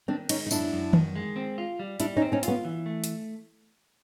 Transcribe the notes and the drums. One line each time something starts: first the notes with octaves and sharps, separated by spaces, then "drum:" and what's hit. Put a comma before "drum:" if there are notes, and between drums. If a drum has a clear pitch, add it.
D#3 C4 D4
G#3 C#4 D#4, drum: cymbal
D#4
F#2 D4 E4, drum: tambourine
F#2
D#3, drum: tom D#3
G#3
C4
F4
G3
G3 D4 E4, drum: hi-hat
C#4 D#4
C4
C#4 D#4
B3 C#4 F4, drum: hi-hat
E3
A3
drum: hi-hat